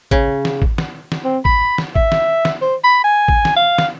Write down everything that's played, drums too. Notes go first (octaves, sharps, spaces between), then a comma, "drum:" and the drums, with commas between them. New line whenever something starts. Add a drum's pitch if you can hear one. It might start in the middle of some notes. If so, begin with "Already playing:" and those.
C#3, drum: kick A1
drum: snare
drum: kick A1
drum: snare
drum: snare
C4
B5, drum: kick A1
drum: snare
E5, drum: kick A1
drum: snare
drum: snare
C5
B5
G#5
drum: kick A1
drum: snare
F5
drum: snare